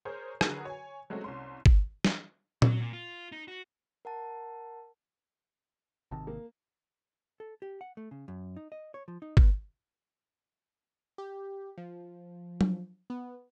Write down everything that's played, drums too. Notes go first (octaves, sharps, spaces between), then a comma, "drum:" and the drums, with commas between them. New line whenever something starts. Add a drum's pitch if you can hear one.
G#4 A#4 C5 C#5
D3 F#3 F#4 G#4 A#4 B4, drum: rim click
C#5 G#5
F#3 G#3 A3 C4 C#4 F#4
C2 C#4 C6
drum: kick G1
drum: snare
F#3, drum: tom A#2
A#2
F4
D#4
F#4
A#4 F#5 A5
G#1 C3 D#3 A5
A#3
A4
G4
F#5
A3
C#3
F#2
D#4
D#5
C#5
F3
D#4
B3, drum: kick G1
G4
F3
drum: tom F#3
B3